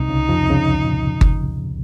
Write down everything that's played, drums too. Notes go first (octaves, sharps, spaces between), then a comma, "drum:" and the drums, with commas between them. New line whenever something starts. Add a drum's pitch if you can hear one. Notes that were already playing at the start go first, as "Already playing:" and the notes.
Already playing: C2 C3 D#4
C#2 C#3
F2 F3
C3
C#2 C#3
A#2
drum: kick G1